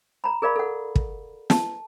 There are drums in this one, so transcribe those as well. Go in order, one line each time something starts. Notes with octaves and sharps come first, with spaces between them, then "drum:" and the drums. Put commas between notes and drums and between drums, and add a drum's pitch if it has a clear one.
A#5 B5
G#4 A#4 D5 F5 B5
A4 F#5
drum: kick
A5, drum: snare